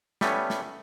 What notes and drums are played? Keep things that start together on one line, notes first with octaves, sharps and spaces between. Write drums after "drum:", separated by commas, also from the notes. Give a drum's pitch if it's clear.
G3 A3 B3 C#4, drum: snare
drum: snare